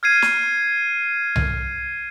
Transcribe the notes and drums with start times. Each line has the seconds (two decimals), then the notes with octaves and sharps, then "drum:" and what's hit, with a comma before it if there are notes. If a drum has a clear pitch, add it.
0.03 F6 G#6 C7 D#7
0.22 drum: snare
1.36 drum: tom C2